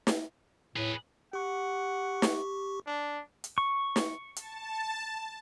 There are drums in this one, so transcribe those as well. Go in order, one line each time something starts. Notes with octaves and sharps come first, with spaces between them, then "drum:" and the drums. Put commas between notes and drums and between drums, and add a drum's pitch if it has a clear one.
drum: snare
A2 G#4 B4
G4 F#5 C#6
drum: snare
D4
drum: hi-hat
C#6
drum: snare
A5, drum: hi-hat